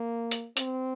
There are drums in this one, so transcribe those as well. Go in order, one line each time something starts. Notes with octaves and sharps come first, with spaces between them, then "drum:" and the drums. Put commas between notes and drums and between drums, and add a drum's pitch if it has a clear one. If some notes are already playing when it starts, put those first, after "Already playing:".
Already playing: A#3
drum: hi-hat
C4, drum: hi-hat